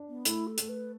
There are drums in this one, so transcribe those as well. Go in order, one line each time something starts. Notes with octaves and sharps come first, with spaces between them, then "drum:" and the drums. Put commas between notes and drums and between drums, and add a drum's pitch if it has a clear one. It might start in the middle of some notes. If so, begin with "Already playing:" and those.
Already playing: D4
B3
A3 E4, drum: hi-hat
A4
A3, drum: hi-hat
B4